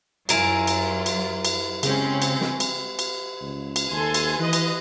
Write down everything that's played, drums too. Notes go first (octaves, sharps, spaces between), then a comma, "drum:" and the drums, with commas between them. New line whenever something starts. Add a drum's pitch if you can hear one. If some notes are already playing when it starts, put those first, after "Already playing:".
F#2 F#3 E4 F4 A#4 G#5, drum: cymbal
drum: cymbal
drum: cymbal
drum: cymbal
C#3 G#3 C4 C#4, drum: cymbal
drum: cymbal
drum: snare
drum: cymbal
drum: cymbal
C#2
drum: cymbal
D#2 A4 G#5 C6
drum: cymbal
E3 B4 D#5
drum: cymbal